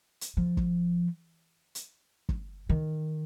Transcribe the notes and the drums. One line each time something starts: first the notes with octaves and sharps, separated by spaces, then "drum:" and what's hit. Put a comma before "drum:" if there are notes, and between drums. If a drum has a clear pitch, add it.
drum: hi-hat
F3
drum: kick
drum: hi-hat
drum: kick
D#3